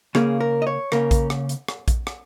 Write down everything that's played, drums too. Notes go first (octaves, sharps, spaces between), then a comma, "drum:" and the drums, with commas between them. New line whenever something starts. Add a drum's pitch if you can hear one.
C#3 A#3 C#4 G#4, drum: rim click
A#4
D#5
C#5
C#3 A#3 C#4 A#4, drum: rim click
drum: kick A#1, hi-hat
drum: rim click
drum: hi-hat
drum: rim click
drum: kick A#1, hi-hat
drum: rim click